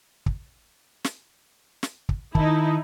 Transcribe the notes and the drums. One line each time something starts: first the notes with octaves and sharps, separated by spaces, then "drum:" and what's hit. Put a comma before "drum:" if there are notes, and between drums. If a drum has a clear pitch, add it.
drum: kick
drum: snare
drum: snare
drum: kick
D#3 D#4 E4 A5, drum: kick